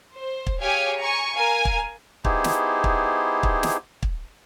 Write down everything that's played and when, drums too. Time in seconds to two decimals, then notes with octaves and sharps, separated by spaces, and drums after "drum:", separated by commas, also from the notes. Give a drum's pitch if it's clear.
0.14 C5
0.46 drum: kick
0.59 G4 G#4 C#5 F5 G5 G#5
0.98 G#5 A#5 C#6
1.34 A#4 F5 G#5
1.65 drum: kick
2.25 B3 D#4 E4 G4 G#4 C5, drum: kick
2.44 drum: snare
2.84 drum: kick
3.43 drum: kick
3.63 drum: snare
4.03 drum: kick